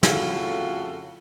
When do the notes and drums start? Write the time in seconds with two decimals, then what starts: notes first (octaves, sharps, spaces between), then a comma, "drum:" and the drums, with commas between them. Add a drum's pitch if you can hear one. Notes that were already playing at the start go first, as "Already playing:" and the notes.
0.03 F2 A2 C#3 F4 F#4 A4, drum: snare